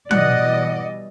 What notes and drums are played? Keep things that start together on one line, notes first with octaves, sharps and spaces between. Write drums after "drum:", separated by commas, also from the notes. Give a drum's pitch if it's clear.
B2 E3 G3 D5 D#5 F#5, drum: tom